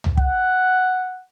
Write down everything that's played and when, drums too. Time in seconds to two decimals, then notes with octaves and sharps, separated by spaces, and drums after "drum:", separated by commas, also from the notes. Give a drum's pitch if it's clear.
0.04 drum: tom
0.17 F#5, drum: kick